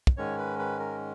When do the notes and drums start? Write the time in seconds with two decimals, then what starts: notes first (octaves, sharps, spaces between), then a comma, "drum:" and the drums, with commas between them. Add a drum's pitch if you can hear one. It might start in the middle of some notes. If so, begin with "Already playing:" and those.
0.07 drum: kick
0.17 G#2 D#3 G#3 C#4 C#5
0.38 B4
0.59 B4
0.80 A#4